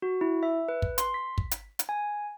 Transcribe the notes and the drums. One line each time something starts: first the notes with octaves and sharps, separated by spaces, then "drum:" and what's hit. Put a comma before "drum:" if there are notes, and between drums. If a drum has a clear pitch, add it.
F#4
E4
E5
B4
drum: kick
C6, drum: hi-hat
B6
drum: kick
drum: hi-hat
drum: hi-hat
G#5